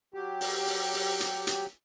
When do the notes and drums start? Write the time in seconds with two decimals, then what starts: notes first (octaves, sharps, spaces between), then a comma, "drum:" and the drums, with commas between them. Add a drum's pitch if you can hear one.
0.14 F#3 G4
0.41 drum: open hi-hat
0.67 drum: open hi-hat
0.94 drum: open hi-hat
1.20 drum: hi-hat
1.47 drum: hi-hat